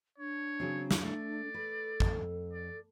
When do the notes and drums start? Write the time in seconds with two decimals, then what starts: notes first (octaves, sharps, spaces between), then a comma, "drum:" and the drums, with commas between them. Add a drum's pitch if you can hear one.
0.18 D4 C#5
0.60 C#3 F#3 C4
0.91 drum: snare
1.03 A3 D5
1.54 A4 B4
2.00 F2, drum: kick
2.53 D5